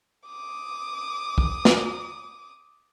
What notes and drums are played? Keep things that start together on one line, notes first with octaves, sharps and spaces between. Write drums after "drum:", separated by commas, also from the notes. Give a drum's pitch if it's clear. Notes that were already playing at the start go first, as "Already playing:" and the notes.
D6 D#6
drum: kick
drum: snare